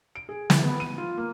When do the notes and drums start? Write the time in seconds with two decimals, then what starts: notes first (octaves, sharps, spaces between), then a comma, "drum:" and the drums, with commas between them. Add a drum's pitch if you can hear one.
0.15 D7
0.29 G#4
0.50 E3, drum: snare
0.64 B3
0.80 D#7
0.98 F4
1.18 A#3